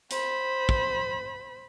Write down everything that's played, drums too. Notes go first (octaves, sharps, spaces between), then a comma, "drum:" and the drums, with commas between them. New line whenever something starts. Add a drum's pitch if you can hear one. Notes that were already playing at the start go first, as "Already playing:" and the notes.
C5 B5, drum: hi-hat
drum: kick